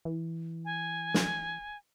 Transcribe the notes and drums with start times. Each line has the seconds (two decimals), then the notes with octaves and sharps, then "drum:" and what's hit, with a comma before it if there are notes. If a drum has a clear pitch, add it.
0.05 E3
0.65 G#5
1.14 drum: snare